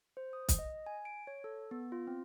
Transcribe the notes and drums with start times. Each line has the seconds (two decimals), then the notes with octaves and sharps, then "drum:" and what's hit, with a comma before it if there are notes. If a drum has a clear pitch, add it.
0.17 C5
0.33 D#6
0.49 drum: kick, hi-hat
0.59 D#5
0.86 G#5
1.05 D7
1.27 C#5
1.44 A4
1.71 B3
1.92 F4
2.07 C4